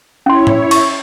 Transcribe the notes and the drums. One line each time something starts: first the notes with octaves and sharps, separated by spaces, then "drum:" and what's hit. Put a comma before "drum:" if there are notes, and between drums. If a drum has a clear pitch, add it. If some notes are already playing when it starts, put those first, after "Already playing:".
C#4 E4 C#5 C6
drum: tom
C#6, drum: cymbal